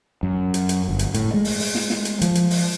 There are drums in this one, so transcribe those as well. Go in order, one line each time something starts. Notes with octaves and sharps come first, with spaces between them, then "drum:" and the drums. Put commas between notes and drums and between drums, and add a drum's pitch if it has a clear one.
F#2
drum: hi-hat
drum: hi-hat
G1
drum: hi-hat
A2, drum: hi-hat
G#3
drum: open hi-hat
drum: open hi-hat
drum: snare
drum: snare
drum: hi-hat
F3, drum: hi-hat
drum: hi-hat
drum: open hi-hat